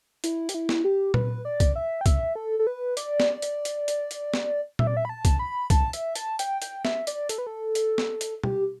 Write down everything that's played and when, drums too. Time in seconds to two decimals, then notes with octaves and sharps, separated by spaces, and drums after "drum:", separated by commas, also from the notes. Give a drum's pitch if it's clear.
0.24 E4, drum: hi-hat
0.49 G4, drum: hi-hat
0.54 E4
0.69 drum: snare
0.84 G4
1.14 B4, drum: tom A#2
1.45 D5
1.60 drum: kick, hi-hat
1.76 E5
2.01 G5
2.06 E5, drum: kick, hi-hat
2.36 A4
2.59 A4
2.67 B4
2.97 D5, drum: hi-hat
3.20 drum: snare
3.42 drum: hi-hat
3.65 drum: hi-hat
3.88 drum: hi-hat
4.11 drum: hi-hat
4.34 drum: snare
4.79 E5, drum: tom A#2
4.87 D5
4.97 E5
5.05 B5
5.09 A5
5.25 drum: kick, hi-hat
5.39 B5
5.70 A5, drum: kick, hi-hat
5.93 E5, drum: hi-hat
6.15 A5, drum: hi-hat
6.39 G5, drum: hi-hat
6.62 G5, drum: hi-hat
6.85 E5, drum: snare
7.07 D5, drum: hi-hat
7.29 A4, drum: hi-hat
7.38 B4
7.47 A4
7.75 drum: hi-hat
7.98 drum: snare
8.21 drum: hi-hat
8.44 G4, drum: tom